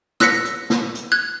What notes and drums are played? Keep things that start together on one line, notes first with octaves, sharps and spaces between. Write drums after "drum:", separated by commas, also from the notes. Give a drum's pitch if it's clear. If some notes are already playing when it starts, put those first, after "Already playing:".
E6 F#6 A#6 B6 C#7, drum: snare
drum: hi-hat
drum: snare
drum: hi-hat
F#6 G#6